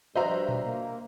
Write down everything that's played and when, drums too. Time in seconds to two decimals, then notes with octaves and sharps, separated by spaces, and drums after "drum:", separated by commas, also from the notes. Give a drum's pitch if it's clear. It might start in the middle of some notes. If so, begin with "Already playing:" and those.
0.15 G2 F3 F#4 C5 D#5 E5 A#5
0.49 drum: tom A#2
0.65 A#3